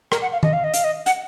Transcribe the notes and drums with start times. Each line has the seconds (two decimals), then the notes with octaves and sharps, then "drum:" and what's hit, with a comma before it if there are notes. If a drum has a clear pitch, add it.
0.12 A#4, drum: rim click
0.22 F#5
0.32 F5
0.43 D#5, drum: tom D#3
0.53 F5
0.64 D#5
0.74 F5, drum: hi-hat
0.84 D#5
1.06 F#5, drum: hi-hat